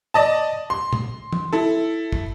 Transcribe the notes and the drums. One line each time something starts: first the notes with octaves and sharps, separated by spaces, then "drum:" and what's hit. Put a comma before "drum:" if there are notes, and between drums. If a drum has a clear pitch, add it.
D5 D#5 A5
C6
drum: tom
drum: tom
E4 A4
drum: kick